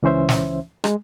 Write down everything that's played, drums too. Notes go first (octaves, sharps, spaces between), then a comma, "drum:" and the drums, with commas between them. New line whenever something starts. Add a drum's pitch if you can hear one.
C#2 E3 C#4 C5 E5
drum: snare
G#3, drum: rim click